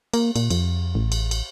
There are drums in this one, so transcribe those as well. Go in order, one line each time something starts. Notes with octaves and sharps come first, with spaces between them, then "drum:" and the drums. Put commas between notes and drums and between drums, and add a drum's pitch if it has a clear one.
A#3, drum: cymbal
A#2, drum: cymbal
F2, drum: cymbal
A1
drum: cymbal
drum: cymbal